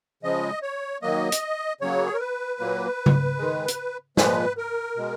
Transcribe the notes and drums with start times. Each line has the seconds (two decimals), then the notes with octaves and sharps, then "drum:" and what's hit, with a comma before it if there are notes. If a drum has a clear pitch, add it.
0.23 C#3 F3 G#3 D#5
0.62 C#5
1.02 D#3 F#3 A#3 D#5
1.32 drum: hi-hat
1.81 C#3 F#3 A#3 C#5
2.06 G#4
2.13 A#4
2.20 B4
2.60 A#2 F#3 A#3
3.06 drum: tom C#3
3.38 D#3 G#3
3.68 drum: hi-hat
4.17 A#2 F3 G#3 B4, drum: snare
4.58 A#4
4.96 B2 G#3